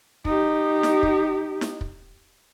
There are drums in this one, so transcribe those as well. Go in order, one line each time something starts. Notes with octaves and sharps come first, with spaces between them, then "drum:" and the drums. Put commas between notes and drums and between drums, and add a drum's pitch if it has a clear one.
D#4 G4, drum: kick
drum: snare
drum: kick
drum: snare
drum: kick